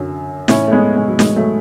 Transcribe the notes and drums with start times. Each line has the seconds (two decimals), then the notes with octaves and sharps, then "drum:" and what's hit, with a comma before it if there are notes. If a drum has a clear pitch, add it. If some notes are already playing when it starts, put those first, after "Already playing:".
Already playing: F#2 D3 F#3
0.48 A2 E3 C#4 E4, drum: snare
0.68 A3
0.71 G#3 B3
0.96 G#3
1.08 F#3
1.19 A2 E3 G#3, drum: snare
1.36 F#3 A3